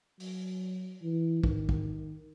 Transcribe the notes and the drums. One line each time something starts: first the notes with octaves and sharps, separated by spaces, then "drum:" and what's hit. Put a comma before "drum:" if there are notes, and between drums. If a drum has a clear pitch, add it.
F#3, drum: open hi-hat
E3
D#3, drum: kick
drum: kick